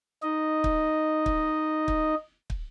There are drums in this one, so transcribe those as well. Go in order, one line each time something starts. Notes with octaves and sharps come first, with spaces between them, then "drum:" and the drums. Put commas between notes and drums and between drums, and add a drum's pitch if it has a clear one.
D#4 D#5
drum: kick
drum: kick
drum: kick
drum: kick